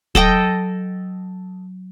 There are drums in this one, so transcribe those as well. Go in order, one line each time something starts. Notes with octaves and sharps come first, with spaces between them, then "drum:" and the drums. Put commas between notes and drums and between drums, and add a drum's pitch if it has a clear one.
F#3 A4 D#5 G5, drum: kick